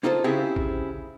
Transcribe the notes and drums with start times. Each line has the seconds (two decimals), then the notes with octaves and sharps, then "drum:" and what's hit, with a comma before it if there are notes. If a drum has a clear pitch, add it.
0.03 A#3 D#4 F4 A4 C5
0.24 C#3 C4 E4 G4 G#4
0.56 drum: kick A#1